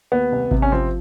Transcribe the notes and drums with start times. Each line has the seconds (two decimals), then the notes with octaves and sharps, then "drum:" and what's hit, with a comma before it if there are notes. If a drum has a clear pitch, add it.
0.12 D#2 B3
0.32 C2
0.51 C3, drum: kick G#1
0.62 C#4
0.72 F3 C4